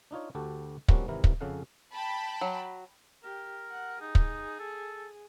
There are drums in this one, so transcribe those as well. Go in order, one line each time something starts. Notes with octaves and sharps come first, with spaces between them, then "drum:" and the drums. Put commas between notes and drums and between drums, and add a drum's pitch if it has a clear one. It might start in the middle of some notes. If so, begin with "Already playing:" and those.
D4 D#4 F4 C#5
D2 F#4 G4 A4 A5
F3 G3 A#3 C4 C#4 F#4, drum: kick
G#1 C3 E3 E4 A#4
drum: kick
F2 C#3 C#4 A4 F5 F#5
G5 A5 B5
F#3
G4 A#4
F#5
D#4 G#4
drum: kick
A4